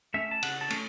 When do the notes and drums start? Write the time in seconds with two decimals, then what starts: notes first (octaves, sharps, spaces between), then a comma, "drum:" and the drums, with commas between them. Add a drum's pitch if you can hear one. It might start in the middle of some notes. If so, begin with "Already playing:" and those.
0.14 A3 C#4 E5
0.31 A5
0.42 C#3 F#5, drum: cymbal
0.61 A5
0.70 A3 C#4, drum: cymbal